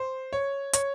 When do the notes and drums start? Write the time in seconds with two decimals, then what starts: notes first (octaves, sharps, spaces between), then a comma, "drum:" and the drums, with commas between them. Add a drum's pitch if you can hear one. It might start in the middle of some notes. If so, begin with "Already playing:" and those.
Already playing: C5
0.33 C#5
0.73 C#5, drum: hi-hat